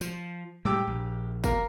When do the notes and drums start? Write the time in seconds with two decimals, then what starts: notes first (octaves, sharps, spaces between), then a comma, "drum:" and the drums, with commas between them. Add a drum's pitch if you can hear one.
0.01 F3, drum: tambourine
0.65 A2 G3 G#3 G4 D6 E6
0.87 A#1
1.44 A#3 A#4, drum: kick G1, tambourine